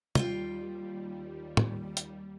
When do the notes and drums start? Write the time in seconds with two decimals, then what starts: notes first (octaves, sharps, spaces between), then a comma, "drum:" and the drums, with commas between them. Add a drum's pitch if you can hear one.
0.15 D#2 G3 F4 F5 G5, drum: tom
1.57 drum: tom
1.97 drum: hi-hat